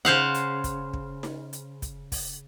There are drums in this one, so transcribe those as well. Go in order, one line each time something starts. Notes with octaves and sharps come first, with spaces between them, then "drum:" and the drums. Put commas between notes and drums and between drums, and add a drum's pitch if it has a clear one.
C#3 C5 F5 F#5, drum: snare D#4
drum: hi-hat
drum: kick, hi-hat
drum: kick
drum: snare D#4
drum: hi-hat
drum: kick, hi-hat
drum: kick, open hi-hat